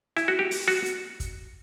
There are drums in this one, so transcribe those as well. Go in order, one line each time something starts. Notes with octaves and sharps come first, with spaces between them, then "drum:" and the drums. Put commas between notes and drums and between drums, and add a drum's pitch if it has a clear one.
E4, drum: rim click
F#4
G4
drum: open hi-hat
F#4
drum: hi-hat
drum: kick, hi-hat